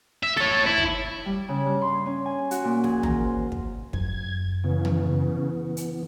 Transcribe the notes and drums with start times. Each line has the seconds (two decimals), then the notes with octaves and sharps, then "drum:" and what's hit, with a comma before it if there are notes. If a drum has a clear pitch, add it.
0.23 E5
0.37 A4 C#5, drum: snare
0.66 E4
0.78 drum: kick
1.26 G3
1.49 C#3
1.66 G2
1.82 C6
2.06 C#4
2.26 G#5
2.51 F#4, drum: hi-hat
2.64 A#2
2.84 G#4, drum: snare
3.03 A#4, drum: tom
3.25 C5
3.52 drum: kick
3.93 F#2 G#6, drum: kick
4.64 C#3 E3 B3
4.85 drum: tom
5.77 drum: hi-hat